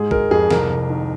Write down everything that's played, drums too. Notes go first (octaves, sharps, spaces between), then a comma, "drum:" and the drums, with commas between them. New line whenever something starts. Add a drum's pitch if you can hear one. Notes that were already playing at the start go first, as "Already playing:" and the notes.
Already playing: G#2 G#3 G#4
G#3 A#4, drum: kick
F2 G#4
C2 A#4, drum: snare
C2
D#3